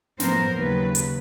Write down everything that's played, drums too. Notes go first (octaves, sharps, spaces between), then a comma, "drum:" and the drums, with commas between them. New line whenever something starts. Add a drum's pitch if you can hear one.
A2 F3 B3 A#4 C5, drum: snare
D#2 C#3 F#3 B4
drum: hi-hat